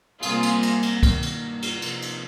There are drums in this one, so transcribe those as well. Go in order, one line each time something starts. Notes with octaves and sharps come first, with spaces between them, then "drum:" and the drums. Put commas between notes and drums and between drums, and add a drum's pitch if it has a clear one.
C3 G3 A#3 F4 G#4, drum: cymbal
drum: cymbal
drum: cymbal
drum: cymbal
G2 D#3 A#3, drum: kick C2, cymbal
drum: cymbal
drum: cymbal
C3 F3 A#3 D#4, drum: cymbal
drum: cymbal